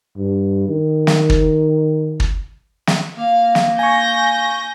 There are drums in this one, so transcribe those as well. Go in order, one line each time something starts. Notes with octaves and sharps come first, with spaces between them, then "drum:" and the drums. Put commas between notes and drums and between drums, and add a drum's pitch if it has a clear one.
G2
D#3
drum: snare
drum: kick
drum: kick
drum: snare
A#3 F5
drum: snare
G#5 C#6 G6 A#6